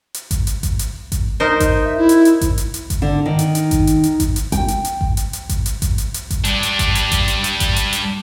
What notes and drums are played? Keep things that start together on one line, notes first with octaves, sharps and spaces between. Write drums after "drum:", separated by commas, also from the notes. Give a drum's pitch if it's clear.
drum: hi-hat
drum: kick G#1, hi-hat
drum: hi-hat
drum: kick G#1, hi-hat
drum: hi-hat
drum: kick G#1, hi-hat
D#4 A#4 C5
drum: kick G#1, hi-hat
E5
E4
drum: hi-hat
drum: hi-hat
drum: kick G#1, hi-hat
drum: hi-hat
drum: hi-hat
drum: kick G#1, hi-hat
D3
D#3
drum: hi-hat
drum: hi-hat
drum: kick G#1, hi-hat
drum: hi-hat
drum: hi-hat
drum: kick G#1, hi-hat
drum: hi-hat
G5, drum: kick G#1, hi-hat
drum: hi-hat
drum: hi-hat
drum: kick G#1
drum: hi-hat
drum: hi-hat
drum: kick G#1, hi-hat
drum: hi-hat
drum: kick G#1, hi-hat
drum: hi-hat
drum: hi-hat
drum: kick G#1, hi-hat
G3 D4, drum: hi-hat
drum: hi-hat
drum: kick G#1, hi-hat
drum: hi-hat
drum: kick G#1, hi-hat
drum: hi-hat
drum: hi-hat
drum: kick G#1, hi-hat
drum: hi-hat
drum: hi-hat